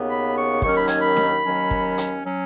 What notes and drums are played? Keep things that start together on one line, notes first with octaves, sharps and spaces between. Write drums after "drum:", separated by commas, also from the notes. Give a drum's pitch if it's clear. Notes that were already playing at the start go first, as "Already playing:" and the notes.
Already playing: D#2 C#3 B3
B5
C#6
D#2 D#3 F#3 C#4 C#6, drum: kick
B5
G#5, drum: hi-hat
B5
drum: snare D4
D#2 D#3 F#3 C#4
drum: kick
drum: hi-hat
F#3 C#4